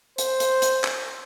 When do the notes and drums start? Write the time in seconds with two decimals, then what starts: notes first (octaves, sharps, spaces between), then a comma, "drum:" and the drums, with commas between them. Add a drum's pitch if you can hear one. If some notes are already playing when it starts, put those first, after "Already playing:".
0.18 C5, drum: hi-hat
0.40 drum: hi-hat
0.62 drum: hi-hat
0.84 drum: clap